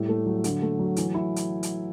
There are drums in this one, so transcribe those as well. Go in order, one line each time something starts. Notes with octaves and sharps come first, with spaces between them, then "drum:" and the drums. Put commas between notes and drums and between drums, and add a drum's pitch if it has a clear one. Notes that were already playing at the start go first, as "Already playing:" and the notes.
Already playing: A2 G3
A3
F#3
D3, drum: hi-hat
A3
F#3
E3, drum: hi-hat
E4
drum: hi-hat
drum: hi-hat